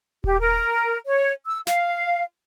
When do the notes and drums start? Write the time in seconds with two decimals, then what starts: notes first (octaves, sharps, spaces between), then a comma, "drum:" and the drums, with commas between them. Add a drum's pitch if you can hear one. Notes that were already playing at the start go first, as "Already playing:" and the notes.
0.24 G4, drum: kick D#1
0.41 A#4
1.07 C#5
1.47 E6
1.67 F5, drum: snare